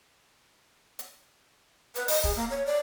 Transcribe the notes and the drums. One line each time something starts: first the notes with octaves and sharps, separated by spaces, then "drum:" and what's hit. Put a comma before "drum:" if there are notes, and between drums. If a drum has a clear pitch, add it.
drum: hi-hat
B4, drum: hi-hat
D#5, drum: open hi-hat
G#4, drum: kick
A#3
C#5
D5